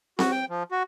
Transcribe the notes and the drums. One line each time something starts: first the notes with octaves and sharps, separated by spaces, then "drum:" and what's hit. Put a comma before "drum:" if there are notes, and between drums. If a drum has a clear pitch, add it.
F#4, drum: snare C4
G5
F3
F#4